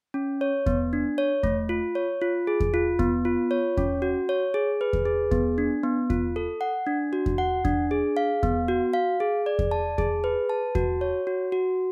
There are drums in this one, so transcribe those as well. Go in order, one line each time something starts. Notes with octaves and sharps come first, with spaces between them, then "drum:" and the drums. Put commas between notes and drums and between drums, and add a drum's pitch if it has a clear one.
C#4
C#5
B3, drum: kick E2
D4
C#5
A3, drum: kick E2
F4
C#5
F4
G#4
drum: kick E2
F4
B3, drum: kick E2
F4
C#5
C#4, drum: kick E2
F#4
C#5
G#4
B4
drum: kick E2
G#4
B3, drum: kick E2
D4
B3
F4, drum: kick E2
A4
F#5
D4
F#4
drum: kick E2
F#5
D4, drum: kick E2
G#4
F5
B3, drum: kick E2
F#4
F5
G#4
D5
drum: kick E2
A5
G#4, drum: kick E2
B4
A5
F#4, drum: kick E2
C#5
F#4
F#4